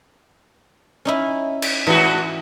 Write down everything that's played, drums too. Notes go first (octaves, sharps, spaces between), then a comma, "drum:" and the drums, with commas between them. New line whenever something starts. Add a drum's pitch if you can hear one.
C#4 D#4 E4
drum: cymbal
G#2 E3 F#4